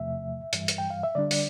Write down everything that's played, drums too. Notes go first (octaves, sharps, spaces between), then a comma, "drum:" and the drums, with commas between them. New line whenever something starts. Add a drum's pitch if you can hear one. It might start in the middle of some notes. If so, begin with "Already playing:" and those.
Already playing: E2 C3 F3 A3 E5
G2 E3 G3, drum: hi-hat
drum: hi-hat
G5
F5
E5
D3 G3 D4 D5
drum: open hi-hat